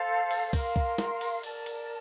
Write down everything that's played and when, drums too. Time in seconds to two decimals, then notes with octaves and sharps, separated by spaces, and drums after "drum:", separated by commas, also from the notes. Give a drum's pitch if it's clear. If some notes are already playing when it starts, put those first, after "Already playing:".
Already playing: A4 C5 F5
0.31 drum: cymbal
0.53 A#4 F5 C6, drum: kick, cymbal
0.76 drum: kick
0.98 drum: snare
1.21 drum: cymbal
1.43 A#4 D5 A5, drum: cymbal
1.66 drum: cymbal